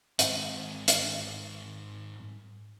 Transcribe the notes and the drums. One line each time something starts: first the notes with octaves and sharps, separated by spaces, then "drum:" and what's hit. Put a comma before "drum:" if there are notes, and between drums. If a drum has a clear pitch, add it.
G#2 C4, drum: hi-hat
drum: hi-hat